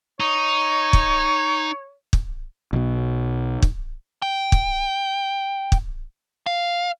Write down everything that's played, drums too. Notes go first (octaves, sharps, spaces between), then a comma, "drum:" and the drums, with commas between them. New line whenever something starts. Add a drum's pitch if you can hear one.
D#4 C#5
drum: kick
drum: kick
B1 B2
drum: kick
G5
drum: kick
drum: kick
F5